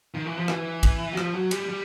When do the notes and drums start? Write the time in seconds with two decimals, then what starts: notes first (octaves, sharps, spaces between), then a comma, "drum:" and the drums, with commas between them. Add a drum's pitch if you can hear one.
0.15 D#3
0.26 E3
0.37 F3
0.48 E3, drum: rim click
0.83 drum: kick, cymbal
1.13 F#3
1.17 F3, drum: rim click
1.34 F#3
1.51 G3, drum: cymbal
1.69 G3